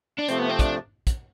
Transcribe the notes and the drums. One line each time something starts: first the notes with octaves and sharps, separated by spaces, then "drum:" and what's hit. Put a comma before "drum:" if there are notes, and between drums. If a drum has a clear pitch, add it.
D4
C3 F3 A3 C4, drum: hi-hat
B3
C4
D4, drum: kick, hi-hat
drum: kick, hi-hat